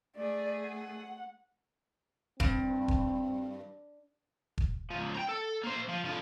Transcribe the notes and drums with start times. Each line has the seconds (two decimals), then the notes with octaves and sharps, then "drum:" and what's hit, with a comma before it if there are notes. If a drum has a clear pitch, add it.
0.16 A3 G#4 D5
0.67 F#5
2.40 G2 C4, drum: kick E1
2.88 drum: kick E1
4.58 drum: kick E1
4.90 C#2 F3
5.15 G5 A#5
5.28 A4
5.64 A#3 C5
5.89 F3
6.05 D3 F3